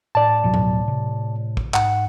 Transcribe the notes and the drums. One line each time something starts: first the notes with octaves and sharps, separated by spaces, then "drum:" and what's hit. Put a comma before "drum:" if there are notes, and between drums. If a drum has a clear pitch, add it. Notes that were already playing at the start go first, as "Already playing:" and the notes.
A2 D5 A5
D1 B2 F#3
drum: tom G2
C3
drum: kick
G#2 F#5, drum: clap